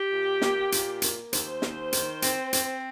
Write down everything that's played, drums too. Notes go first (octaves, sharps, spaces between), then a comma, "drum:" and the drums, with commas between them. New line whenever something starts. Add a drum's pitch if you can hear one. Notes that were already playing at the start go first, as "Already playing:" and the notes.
Already playing: G4
A#2
A#3, drum: snare
A#2, drum: hi-hat
A#3, drum: hi-hat
D#2 C5, drum: hi-hat
D#2, drum: snare
D#3, drum: hi-hat
C4, drum: hi-hat
C4, drum: hi-hat